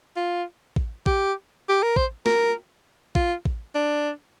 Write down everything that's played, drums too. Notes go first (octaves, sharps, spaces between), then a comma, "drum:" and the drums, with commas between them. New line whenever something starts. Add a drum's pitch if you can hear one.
F4
drum: kick A1
G4, drum: kick A1
G4
A#4
C5, drum: kick A1
A#4, drum: snare
F4, drum: kick A1
drum: kick A1
D4